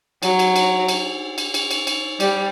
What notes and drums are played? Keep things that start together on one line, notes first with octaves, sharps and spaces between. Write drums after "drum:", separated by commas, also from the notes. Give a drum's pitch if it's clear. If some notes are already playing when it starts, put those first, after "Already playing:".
F#3, drum: cymbal
drum: cymbal
drum: cymbal
drum: cymbal
drum: cymbal
drum: cymbal
drum: cymbal
drum: cymbal
G3, drum: cymbal